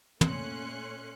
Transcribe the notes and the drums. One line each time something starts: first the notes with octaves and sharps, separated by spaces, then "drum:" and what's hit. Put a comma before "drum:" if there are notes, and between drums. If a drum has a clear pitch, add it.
A#2 A3 C#4 C6 F#6 C#7, drum: tom